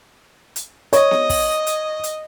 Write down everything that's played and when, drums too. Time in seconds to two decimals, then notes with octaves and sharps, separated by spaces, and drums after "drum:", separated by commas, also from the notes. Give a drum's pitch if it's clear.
0.56 drum: hi-hat
0.93 C#5 D#5, drum: hi-hat
1.11 drum: snare B3
1.30 drum: kick, open hi-hat
1.67 drum: hi-hat
2.04 drum: hi-hat